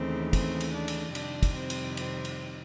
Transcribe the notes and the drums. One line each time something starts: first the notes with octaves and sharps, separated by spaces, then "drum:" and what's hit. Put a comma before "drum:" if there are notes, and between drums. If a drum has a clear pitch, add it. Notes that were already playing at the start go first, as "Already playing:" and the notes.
Already playing: D#2 C#3 E3 A3 C4
C4, drum: kick, cymbal
drum: cymbal
D4
drum: cymbal
F2 C3 D#3 G3 D4, drum: cymbal
drum: kick, cymbal
C4
drum: cymbal
C4, drum: cymbal
drum: cymbal